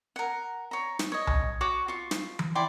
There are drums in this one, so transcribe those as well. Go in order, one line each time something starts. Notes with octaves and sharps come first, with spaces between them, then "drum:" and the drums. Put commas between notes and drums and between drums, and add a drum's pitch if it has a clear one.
A#4 F#5
C#5 A#5
drum: snare
C#5 D#5
drum: tom B1
F#4 C#5 F#5 D6
F4 C#6
drum: snare
drum: tom E3
E4 D5 G5 C6